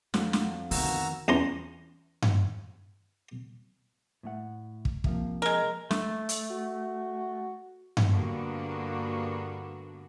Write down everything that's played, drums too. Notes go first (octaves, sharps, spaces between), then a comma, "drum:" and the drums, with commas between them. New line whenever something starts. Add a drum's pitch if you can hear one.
F2 D4 F#4, drum: snare
drum: snare
D2 B2 D#3 F#4 A#5 E6, drum: open hi-hat
E2 E3 C#4 A#5 C6
drum: tom G2
A2 A3 F#5
drum: kick
C3 F3 A#3, drum: kick
G#3 A#4
A3, drum: snare
drum: hi-hat
F#4
drum: tom G2
G2 D3 A#3 B3 D4 F#4